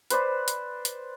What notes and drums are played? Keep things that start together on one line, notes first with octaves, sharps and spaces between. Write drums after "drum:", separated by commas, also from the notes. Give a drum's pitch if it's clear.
B4 C5 D5 B5, drum: hi-hat
drum: hi-hat
drum: hi-hat